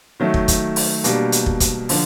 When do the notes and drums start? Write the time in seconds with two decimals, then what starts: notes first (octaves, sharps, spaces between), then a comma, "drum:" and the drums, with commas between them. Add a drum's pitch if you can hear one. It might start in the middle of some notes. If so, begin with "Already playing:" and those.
0.20 D#3 F#3 A3
0.34 drum: kick
0.48 drum: kick, hi-hat
0.76 drum: open hi-hat
1.04 B2 G3 A#3 D4 G4, drum: hi-hat
1.32 drum: hi-hat
1.46 drum: kick
1.60 drum: kick, hi-hat
1.89 D3 F3, drum: open hi-hat